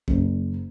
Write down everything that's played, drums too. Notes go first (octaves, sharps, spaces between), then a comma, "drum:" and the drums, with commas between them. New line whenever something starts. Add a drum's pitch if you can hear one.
F#1, drum: kick